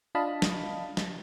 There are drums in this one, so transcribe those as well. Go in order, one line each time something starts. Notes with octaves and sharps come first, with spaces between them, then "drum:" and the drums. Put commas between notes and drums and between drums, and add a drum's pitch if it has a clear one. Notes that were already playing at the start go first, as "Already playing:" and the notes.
D4 F4 D#5 F5 A5 B5
drum: snare
drum: snare